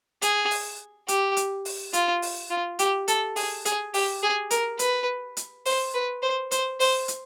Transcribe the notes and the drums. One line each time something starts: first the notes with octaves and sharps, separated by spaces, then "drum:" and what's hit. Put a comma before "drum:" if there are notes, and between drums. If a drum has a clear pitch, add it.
G#4, drum: hi-hat
drum: open hi-hat
G4, drum: hi-hat
drum: hi-hat
drum: open hi-hat
F4, drum: hi-hat
drum: open hi-hat
F4
G4, drum: hi-hat
A4, drum: hi-hat
G#4, drum: open hi-hat
G#4, drum: hi-hat
G4, drum: open hi-hat
G#4
A#4, drum: hi-hat
B4, drum: hi-hat
drum: hi-hat
C5, drum: open hi-hat
B4
C5
C5, drum: hi-hat
C5, drum: open hi-hat
drum: hi-hat